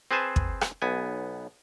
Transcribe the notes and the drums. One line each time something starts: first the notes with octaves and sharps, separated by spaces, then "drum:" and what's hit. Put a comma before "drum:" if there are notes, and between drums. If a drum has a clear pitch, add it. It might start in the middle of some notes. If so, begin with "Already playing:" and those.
C4 G#4 B4 C5 G#5 A5
drum: kick
drum: rim click
B1 B3 G#5